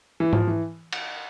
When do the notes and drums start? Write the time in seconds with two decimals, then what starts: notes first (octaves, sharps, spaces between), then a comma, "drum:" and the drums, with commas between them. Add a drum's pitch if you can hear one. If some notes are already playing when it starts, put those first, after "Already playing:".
0.20 E3
0.33 F3, drum: tom G#2
0.47 E3
0.93 drum: cymbal